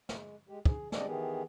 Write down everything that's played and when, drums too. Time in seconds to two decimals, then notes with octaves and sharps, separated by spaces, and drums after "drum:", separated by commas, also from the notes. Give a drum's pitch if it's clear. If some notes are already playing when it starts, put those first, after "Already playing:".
0.09 G#3, drum: snare
0.49 G#3 G4
0.65 G#4, drum: kick
0.92 G3 G#3 C4 D4 D5 D#5, drum: snare
1.06 D#3 E3 B3 G4 G#4